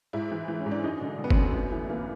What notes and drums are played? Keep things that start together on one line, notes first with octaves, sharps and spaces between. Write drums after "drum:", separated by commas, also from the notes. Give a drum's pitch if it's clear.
G#2 E4
E3
E3
C#4
G#2
D4
F#2 D#4
D3
D3
B3
C4, drum: kick
F#2
A2 B3
E3
E3 A#3